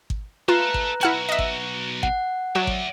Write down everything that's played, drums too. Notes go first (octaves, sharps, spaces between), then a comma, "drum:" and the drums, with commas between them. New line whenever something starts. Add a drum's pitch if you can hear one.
drum: kick G#1
F4 A4 B4 E5 A#5 F#6
drum: kick G#1
B1 E4 F#4 F#5 F6
D#5 E5
drum: kick G#1
F#5, drum: kick G#1
F#3 D5 E5
drum: kick G#1